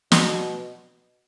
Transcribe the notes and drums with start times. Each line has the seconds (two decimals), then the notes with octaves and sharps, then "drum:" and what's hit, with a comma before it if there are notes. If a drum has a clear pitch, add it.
0.12 B2, drum: snare